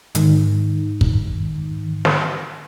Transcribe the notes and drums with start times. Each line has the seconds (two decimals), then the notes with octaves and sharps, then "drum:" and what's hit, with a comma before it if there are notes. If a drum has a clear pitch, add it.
0.15 G#2 D#3, drum: hi-hat
1.01 drum: kick
2.05 drum: snare